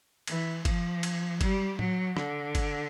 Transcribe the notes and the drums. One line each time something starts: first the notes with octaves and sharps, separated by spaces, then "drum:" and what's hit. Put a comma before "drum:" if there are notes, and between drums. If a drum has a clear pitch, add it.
E3, drum: cymbal
F3, drum: kick, cymbal
drum: cymbal
G3, drum: kick, cymbal
F#3, drum: tom A2
D3, drum: rim click
drum: kick, cymbal